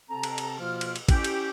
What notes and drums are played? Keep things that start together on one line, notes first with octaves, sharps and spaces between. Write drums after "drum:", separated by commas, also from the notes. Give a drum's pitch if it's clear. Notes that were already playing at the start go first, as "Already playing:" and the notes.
C3 C4 A4 A5 A#5
drum: cymbal
drum: cymbal
B2 F3 A#3 F4 F6
drum: cymbal
drum: cymbal
C#4 E4 G4, drum: kick, cymbal
drum: cymbal